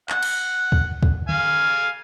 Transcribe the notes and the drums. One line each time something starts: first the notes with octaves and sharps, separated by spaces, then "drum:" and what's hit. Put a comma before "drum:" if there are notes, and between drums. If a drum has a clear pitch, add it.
F#5, drum: clap
drum: cymbal
drum: kick
drum: kick
F5 G#5, drum: tom D3